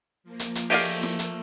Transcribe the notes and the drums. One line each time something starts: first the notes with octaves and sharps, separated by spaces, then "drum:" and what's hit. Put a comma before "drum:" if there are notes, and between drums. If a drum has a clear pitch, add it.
F3 A#3
drum: hi-hat
drum: hi-hat
A3 G4 G#4 D5 D#5 F5, drum: open hi-hat
drum: snare E4
drum: hi-hat